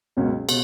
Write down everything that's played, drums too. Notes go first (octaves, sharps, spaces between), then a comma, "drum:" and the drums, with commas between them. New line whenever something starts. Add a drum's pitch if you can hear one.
C#2 B2 F#3 A#3 C#4
B2, drum: cymbal